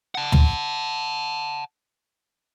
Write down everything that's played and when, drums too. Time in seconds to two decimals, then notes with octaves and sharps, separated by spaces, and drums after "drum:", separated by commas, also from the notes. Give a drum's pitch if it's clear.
0.15 F#5 A5
0.32 drum: tom